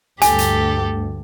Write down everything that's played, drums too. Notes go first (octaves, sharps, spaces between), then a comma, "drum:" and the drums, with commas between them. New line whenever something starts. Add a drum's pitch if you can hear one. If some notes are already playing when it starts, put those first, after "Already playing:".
D2 G2 G4 A4 G#5, drum: hi-hat
drum: hi-hat